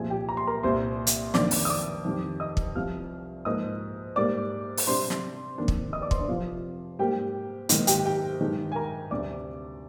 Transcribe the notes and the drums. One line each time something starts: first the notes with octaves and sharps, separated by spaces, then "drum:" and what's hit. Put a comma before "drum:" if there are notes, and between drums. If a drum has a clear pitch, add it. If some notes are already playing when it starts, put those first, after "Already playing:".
Already playing: C2 A#2 F3 G#4 G#5
G4 G5
A#5
C6
A#4 A#5
C2 A#2 G3 C5 C6
drum: hi-hat
F2 D#3 A#3 D4 D5 D6, drum: snare
drum: open hi-hat
D#6
D5 D6
F2 D#3 G3
D#5 D#6
drum: kick
C2 C3 F3 F5 F6
G#2 F3 A#3 D#5 D#6
G#2 G3 A#3 D5 D6
drum: open hi-hat
C3 G3 D4 C5 C6
drum: snare
F2 D#3 A#3 D4
drum: kick
D#5 D#6
D5 D6
C5 C6, drum: kick
D4 D5
F2 C3 F3 F4 F5
G#2 G3 A#3 G4 G5
G#2 D#3 A#3 D#4 D#5, drum: hi-hat
G4 G5, drum: hi-hat
G4 G5
G2 D#3 G#3 D#4
G#5
A#4 A#5
D2 C3 G3 D4 D5 D6